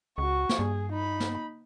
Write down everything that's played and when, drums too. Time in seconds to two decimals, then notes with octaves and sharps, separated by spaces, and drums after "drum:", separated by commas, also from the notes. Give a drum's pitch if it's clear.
0.18 C#2 F#4 C#6
0.49 drum: snare
0.59 G2 G#4
0.92 D#4 B5
1.20 drum: snare